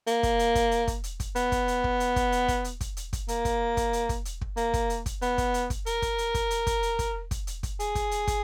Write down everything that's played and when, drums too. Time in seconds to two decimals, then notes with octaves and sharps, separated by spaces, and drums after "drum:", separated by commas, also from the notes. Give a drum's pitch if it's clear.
0.07 A#3, drum: hi-hat
0.23 drum: kick, hi-hat
0.39 drum: hi-hat
0.55 drum: kick, hi-hat
0.71 drum: hi-hat
0.88 drum: kick, hi-hat
1.04 drum: hi-hat
1.20 drum: kick, hi-hat
1.36 B3, drum: hi-hat
1.52 drum: kick, hi-hat
1.68 drum: hi-hat
1.84 drum: kick
2.00 drum: hi-hat
2.16 drum: kick, hi-hat
2.32 drum: hi-hat
2.48 drum: kick, hi-hat
2.64 drum: hi-hat
2.81 drum: kick, hi-hat
2.97 drum: hi-hat
3.13 drum: kick, hi-hat
3.28 A#3, drum: hi-hat
3.45 drum: kick, hi-hat
3.77 drum: kick, hi-hat
3.93 drum: hi-hat
4.09 drum: kick, hi-hat
4.25 drum: hi-hat
4.41 drum: kick
4.57 A#3, drum: hi-hat
4.74 drum: kick, hi-hat
4.90 drum: hi-hat
5.06 drum: kick, hi-hat
5.22 B3, drum: hi-hat
5.38 drum: kick, hi-hat
5.54 drum: hi-hat
5.70 drum: kick, hi-hat
5.86 A#4, drum: hi-hat
6.02 drum: kick, hi-hat
6.18 drum: hi-hat
6.34 drum: kick, hi-hat
6.51 drum: hi-hat
6.67 drum: kick, hi-hat
6.83 drum: hi-hat
6.99 drum: kick, hi-hat
7.31 drum: kick, hi-hat
7.47 drum: hi-hat
7.63 drum: kick, hi-hat
7.80 G#4, drum: hi-hat
7.95 drum: kick, hi-hat
8.11 drum: hi-hat
8.27 drum: kick, hi-hat